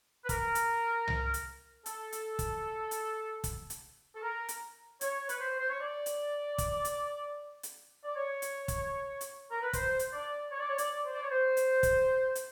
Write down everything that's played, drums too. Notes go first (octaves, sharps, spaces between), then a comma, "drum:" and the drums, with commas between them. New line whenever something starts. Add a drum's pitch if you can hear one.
B4
A#4, drum: kick, hi-hat
drum: hi-hat
drum: tom C2
drum: hi-hat
A4, drum: hi-hat
drum: hi-hat
drum: kick, hi-hat
drum: hi-hat
drum: kick, hi-hat
drum: hi-hat
A4
A#4
drum: hi-hat
C#5, drum: hi-hat
B4, drum: hi-hat
C5
C5
C#5
D5
drum: hi-hat
drum: kick, hi-hat
drum: hi-hat
drum: hi-hat
D5
C#5
drum: hi-hat
drum: kick, hi-hat
drum: hi-hat
A#4
B4
C5, drum: kick, hi-hat
drum: hi-hat
D5
C#5
D5
C#5
D5, drum: hi-hat
C5
D5
C#5
C5
drum: hi-hat
drum: kick, hi-hat
drum: hi-hat